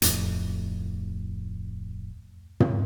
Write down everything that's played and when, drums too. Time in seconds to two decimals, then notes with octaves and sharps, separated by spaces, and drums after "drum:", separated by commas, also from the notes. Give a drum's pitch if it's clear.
0.02 D1 F2 A2, drum: hi-hat
2.60 drum: tom